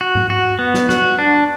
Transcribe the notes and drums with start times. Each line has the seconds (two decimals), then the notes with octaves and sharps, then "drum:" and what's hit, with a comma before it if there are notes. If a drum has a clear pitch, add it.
0.01 F#4
0.15 drum: tom G#2
0.30 F#4
0.59 B3
0.74 drum: snare
0.89 F#4, drum: snare
1.19 D4